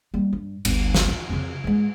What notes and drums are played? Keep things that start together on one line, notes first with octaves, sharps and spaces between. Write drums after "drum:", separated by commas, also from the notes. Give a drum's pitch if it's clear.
G3 A#3
G2
G1 D2, drum: cymbal
drum: snare
E4
F2 C#3
G#2 G#3